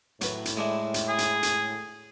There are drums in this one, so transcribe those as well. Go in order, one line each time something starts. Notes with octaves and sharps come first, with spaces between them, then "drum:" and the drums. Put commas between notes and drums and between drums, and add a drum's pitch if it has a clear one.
A2 F#3 B4, drum: hi-hat
drum: hi-hat
G#3 D4 E4
drum: hi-hat
G#4
drum: hi-hat
drum: hi-hat